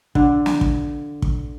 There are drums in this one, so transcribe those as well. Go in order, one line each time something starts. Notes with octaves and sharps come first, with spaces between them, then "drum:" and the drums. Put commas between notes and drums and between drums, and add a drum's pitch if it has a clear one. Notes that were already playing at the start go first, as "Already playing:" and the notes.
D3, drum: kick
drum: snare
drum: kick
drum: kick